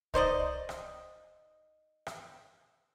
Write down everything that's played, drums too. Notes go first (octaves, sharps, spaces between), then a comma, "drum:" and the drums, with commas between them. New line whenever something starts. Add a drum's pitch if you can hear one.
D#4 C5 D5 D#5, drum: kick C2
drum: rim click
drum: rim click